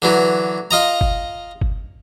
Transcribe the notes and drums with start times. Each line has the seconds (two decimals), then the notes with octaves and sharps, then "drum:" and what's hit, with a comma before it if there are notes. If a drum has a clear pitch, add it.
0.02 D3 E3 F#3
0.71 F4 D#5 A#5
1.01 drum: kick G1
1.61 drum: kick G1